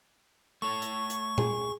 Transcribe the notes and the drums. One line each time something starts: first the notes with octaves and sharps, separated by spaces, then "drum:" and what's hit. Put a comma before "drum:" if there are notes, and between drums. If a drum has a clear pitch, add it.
A3 A4 C#5 C#6
drum: hi-hat
drum: hi-hat
G#4, drum: tom A#2